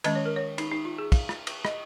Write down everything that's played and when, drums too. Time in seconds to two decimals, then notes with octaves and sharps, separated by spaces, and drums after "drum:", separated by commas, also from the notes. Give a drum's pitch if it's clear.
0.04 D#3 G#3 C#4 D#5, drum: cymbal
0.15 C#5
0.26 A#4
0.36 C#5
0.58 D#4, drum: cymbal
0.71 D#4
0.85 F4
0.98 G#4
1.12 F5, drum: kick, cymbal
1.29 drum: rim click
1.47 drum: cymbal
1.65 D#5, drum: rim click